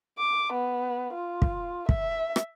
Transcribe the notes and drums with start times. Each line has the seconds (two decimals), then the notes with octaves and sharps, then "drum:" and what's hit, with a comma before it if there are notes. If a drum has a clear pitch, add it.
0.18 D6
0.53 B3
1.15 F4
1.42 drum: kick
1.89 E5, drum: kick
2.36 drum: rim click